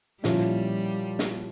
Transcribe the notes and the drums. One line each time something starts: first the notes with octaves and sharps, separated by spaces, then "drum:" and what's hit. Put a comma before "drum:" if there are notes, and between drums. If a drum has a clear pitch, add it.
A#2 F3 G3 C#4 E4, drum: snare
drum: snare